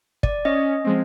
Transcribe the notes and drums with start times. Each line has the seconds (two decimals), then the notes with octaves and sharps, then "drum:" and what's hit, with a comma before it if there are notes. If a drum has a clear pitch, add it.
0.23 D5, drum: kick
0.45 C#4 D#5 D#6
0.85 F3 G#3 C4